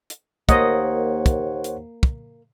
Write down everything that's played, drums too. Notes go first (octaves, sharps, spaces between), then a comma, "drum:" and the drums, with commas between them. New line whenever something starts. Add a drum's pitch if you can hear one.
drum: hi-hat
D#2 A#3 C5 C#5 D#5 F#5, drum: kick, hi-hat
drum: kick, hi-hat
drum: hi-hat
drum: kick